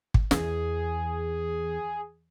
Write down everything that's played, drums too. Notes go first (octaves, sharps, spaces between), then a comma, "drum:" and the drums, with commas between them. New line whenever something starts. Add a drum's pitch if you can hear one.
drum: kick
E2 G#4, drum: snare